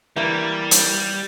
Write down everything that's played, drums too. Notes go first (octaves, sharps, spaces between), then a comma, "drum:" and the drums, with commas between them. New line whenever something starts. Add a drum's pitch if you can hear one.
E3 G3 A#3
drum: hi-hat